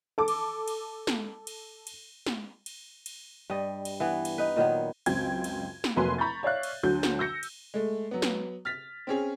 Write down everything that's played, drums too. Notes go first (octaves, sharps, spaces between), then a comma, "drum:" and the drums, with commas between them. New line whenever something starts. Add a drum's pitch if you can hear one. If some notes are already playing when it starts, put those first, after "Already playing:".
A4 D6
drum: cymbal
drum: cymbal
drum: snare
drum: cymbal
drum: cymbal
drum: snare
drum: cymbal
drum: cymbal
G2 G3 D#5
drum: cymbal
E3 B3
drum: cymbal
D#4 B4
A#2 D#3 F#3 B3
C#2 F#2 C4 G5 G#6, drum: cymbal
drum: cymbal
drum: snare
F1 F#3 A#3 B4 G#5 C6
A#5 B5 C#6 G6 A6
C#5 D5 E5 F5 F#6
drum: cymbal
D2 D3 F#3 G6
drum: snare
E6 G6 A#6 C#7
drum: cymbal
G#3 A3
F#3 B3
drum: snare
F6 A6 B6
C4 C#4 G#4